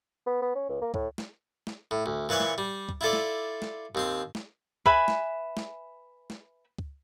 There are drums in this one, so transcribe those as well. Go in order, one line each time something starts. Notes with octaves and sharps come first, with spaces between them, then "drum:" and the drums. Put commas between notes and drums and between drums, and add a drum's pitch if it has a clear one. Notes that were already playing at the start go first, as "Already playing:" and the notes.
B3
B3
C#4
C#2
A#3
A2, drum: kick C#2
drum: snare
drum: snare
A2
D2
A#2 E3 B4 C#5 C#6
drum: snare
G3
drum: kick C#2
E4 F4 A4 D5
drum: snare
drum: snare
D#2 C4 C6
drum: snare
B4 E5 G#5 B5, drum: kick C#2
drum: snare
drum: snare
drum: snare
drum: kick C#2